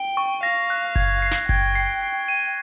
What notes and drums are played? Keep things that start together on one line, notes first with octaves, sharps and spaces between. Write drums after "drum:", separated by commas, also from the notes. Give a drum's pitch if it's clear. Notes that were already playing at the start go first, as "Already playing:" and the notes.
Already playing: G5
C#6
F5 A#6
F#6
G#6, drum: kick F#1
C7
drum: snare
G5 G#6, drum: kick F#1
C7
C7
D#7